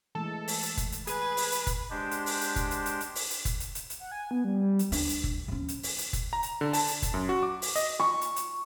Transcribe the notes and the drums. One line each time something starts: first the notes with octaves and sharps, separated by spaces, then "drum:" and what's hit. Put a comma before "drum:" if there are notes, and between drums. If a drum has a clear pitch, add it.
E3 G#3 A3 A4
drum: open hi-hat
drum: hi-hat
drum: kick F#1, hi-hat
drum: hi-hat
G#4 B4, drum: hi-hat
drum: open hi-hat
drum: hi-hat
drum: kick F#1, hi-hat
G#3 D4 G4 C5
drum: hi-hat
drum: open hi-hat
drum: hi-hat
drum: kick F#1, hi-hat
drum: hi-hat
drum: hi-hat
drum: hi-hat
drum: open hi-hat
drum: hi-hat
drum: kick F#1, hi-hat
drum: hi-hat
drum: hi-hat
drum: hi-hat
F#5
G#5
B3
G3
G3
drum: hi-hat
D2 D4, drum: open hi-hat
drum: hi-hat
drum: kick F#1
F3 C#4
drum: hi-hat
drum: open hi-hat
drum: hi-hat
drum: kick F#1, hi-hat
A#5
drum: hi-hat
D3
A5, drum: open hi-hat
drum: hi-hat
drum: kick F#1, hi-hat
F#2
F#4
D6
drum: open hi-hat
D#5, drum: hi-hat
C#6
drum: hi-hat
drum: hi-hat